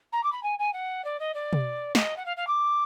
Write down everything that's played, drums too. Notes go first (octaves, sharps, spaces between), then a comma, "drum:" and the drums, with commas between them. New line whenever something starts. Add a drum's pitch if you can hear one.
A#5
D6
B5
G#5
G#5
F#5
D5
D#5
D5
drum: tom B2
D#5, drum: snare
F#5
F5
F5
D6